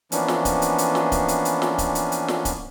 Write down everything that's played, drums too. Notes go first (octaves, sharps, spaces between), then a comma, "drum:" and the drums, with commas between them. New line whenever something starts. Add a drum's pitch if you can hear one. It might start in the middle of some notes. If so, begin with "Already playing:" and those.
E3 F3 A#3 B3 C#4 D4, drum: hi-hat
drum: snare
drum: kick C#1, hi-hat
drum: hi-hat
drum: hi-hat
drum: snare
drum: kick C#1, hi-hat
drum: hi-hat
drum: hi-hat
drum: snare
drum: kick C#1, hi-hat
drum: hi-hat
drum: hi-hat
drum: snare
drum: kick C#1, hi-hat